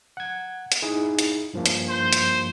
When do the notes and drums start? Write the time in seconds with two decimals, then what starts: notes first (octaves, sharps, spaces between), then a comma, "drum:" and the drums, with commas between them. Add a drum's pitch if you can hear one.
0.17 F#5 G#6
0.72 drum: hi-hat
0.82 D#4 E4 G#4
1.19 drum: hi-hat
1.54 G2 F3 A#3
1.66 drum: hi-hat
1.89 C5
2.13 drum: hi-hat